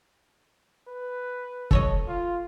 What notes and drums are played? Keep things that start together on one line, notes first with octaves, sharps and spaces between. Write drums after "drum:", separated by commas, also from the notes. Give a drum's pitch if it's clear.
B4
A4 C#5 D#5, drum: kick
F4